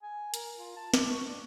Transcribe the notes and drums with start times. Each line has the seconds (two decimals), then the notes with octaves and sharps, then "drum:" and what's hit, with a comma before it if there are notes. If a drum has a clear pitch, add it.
0.03 G#5
0.34 A#4, drum: hi-hat
0.57 F4
0.77 A5
0.94 D6, drum: snare
1.11 C#6
1.27 D4